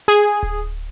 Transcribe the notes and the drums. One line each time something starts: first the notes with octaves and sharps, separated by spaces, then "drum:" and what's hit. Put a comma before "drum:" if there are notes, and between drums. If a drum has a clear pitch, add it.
G#4
drum: kick D1